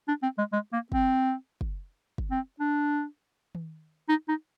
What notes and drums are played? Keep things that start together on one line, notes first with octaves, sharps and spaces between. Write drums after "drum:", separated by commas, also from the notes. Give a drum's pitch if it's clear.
D4
C4
G#3
G#3
A#3
C4, drum: kick
drum: kick
drum: kick
C4
D4
drum: tom D#3
D#4
D#4